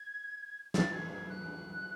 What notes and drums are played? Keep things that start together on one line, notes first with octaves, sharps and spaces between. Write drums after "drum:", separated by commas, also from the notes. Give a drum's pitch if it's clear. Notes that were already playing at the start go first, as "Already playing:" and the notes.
Already playing: G#6
A6, drum: snare
G#6
G#6
F#6